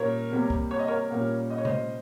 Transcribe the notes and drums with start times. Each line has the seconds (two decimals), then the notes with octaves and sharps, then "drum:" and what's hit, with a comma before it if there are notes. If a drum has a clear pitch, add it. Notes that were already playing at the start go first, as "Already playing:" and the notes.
Already playing: A#2 G3 C#4 A#4 C#5
0.31 C3 G3 A#3
0.50 drum: kick
0.71 C#5
0.79 D#5
0.88 A#4 C#5
1.10 A#2 G3 A#3 C#4
1.50 D#5
1.58 C#5
1.65 C5 D#5, drum: tom C3